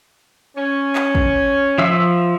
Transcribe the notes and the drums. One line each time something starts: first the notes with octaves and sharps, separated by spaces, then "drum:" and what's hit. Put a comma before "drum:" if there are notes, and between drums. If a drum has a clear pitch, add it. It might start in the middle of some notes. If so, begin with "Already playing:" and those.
C#4 C#5
drum: clap
drum: kick
F3 E5 E6